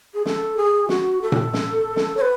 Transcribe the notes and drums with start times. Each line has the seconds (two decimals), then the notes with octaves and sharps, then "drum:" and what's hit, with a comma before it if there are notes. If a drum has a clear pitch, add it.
0.14 G#4
0.26 A4, drum: snare
0.57 G#4
0.89 F#4, drum: snare
1.22 A4
1.32 drum: tom A#2
1.53 drum: snare
1.96 drum: snare
2.17 C#5
2.21 B4